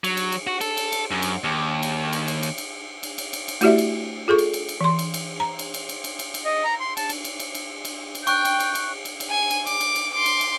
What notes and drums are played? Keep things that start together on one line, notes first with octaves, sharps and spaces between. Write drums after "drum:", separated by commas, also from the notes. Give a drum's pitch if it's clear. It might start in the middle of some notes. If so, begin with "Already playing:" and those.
F#3, drum: cymbal
drum: cymbal
drum: cymbal
F#4
A4, drum: cymbal
drum: cymbal
drum: cymbal
F#2
drum: cymbal
D#2
drum: cymbal
drum: cymbal
drum: cymbal
drum: cymbal
drum: cymbal
drum: cymbal
drum: cymbal
drum: cymbal
drum: cymbal
A3 E4 F#4 G4 D5 E5, drum: cymbal
drum: cymbal
F4 G#4 A4 C#6
drum: cymbal
drum: cymbal
drum: cymbal
E3 C6
drum: cymbal
drum: cymbal
A#5
drum: cymbal
drum: cymbal
drum: cymbal
drum: cymbal
drum: cymbal
drum: cymbal
D#5
A#5
C6
A5, drum: cymbal
drum: cymbal
drum: cymbal
drum: cymbal
drum: cymbal
drum: cymbal
drum: cymbal
G5 C#6 F#6, drum: cymbal
drum: cymbal
drum: cymbal
drum: cymbal
drum: cymbal
drum: cymbal
G#5
drum: cymbal
D6, drum: cymbal
drum: cymbal
drum: cymbal
C6 D6
drum: cymbal
drum: cymbal